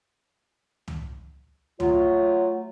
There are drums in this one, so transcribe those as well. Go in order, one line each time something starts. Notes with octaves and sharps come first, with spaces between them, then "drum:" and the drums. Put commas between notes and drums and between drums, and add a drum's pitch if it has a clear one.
drum: tom
F#3 A3 F4, drum: tom